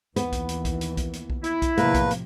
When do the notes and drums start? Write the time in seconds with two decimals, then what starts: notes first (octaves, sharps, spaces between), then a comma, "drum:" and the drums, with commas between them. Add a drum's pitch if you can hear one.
0.16 D#2 E3 B3, drum: hi-hat
0.32 drum: kick B1, hi-hat
0.49 drum: hi-hat
0.65 drum: kick B1, hi-hat
0.81 drum: hi-hat
0.97 drum: kick B1, hi-hat
1.13 drum: hi-hat
1.30 drum: kick B1
1.44 E4, drum: hi-hat
1.62 drum: kick B1, hi-hat
1.77 E2 A2 C3 F3 A#3 B4, drum: hi-hat
1.94 drum: kick B1, hi-hat
2.11 drum: hi-hat